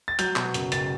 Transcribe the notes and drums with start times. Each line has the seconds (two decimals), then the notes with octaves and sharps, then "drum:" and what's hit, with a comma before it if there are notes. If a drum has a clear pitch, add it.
0.08 A6
0.19 F#3 G6, drum: hi-hat
0.36 B2, drum: clap
0.54 F#1, drum: hi-hat
0.72 F#1 A6, drum: hi-hat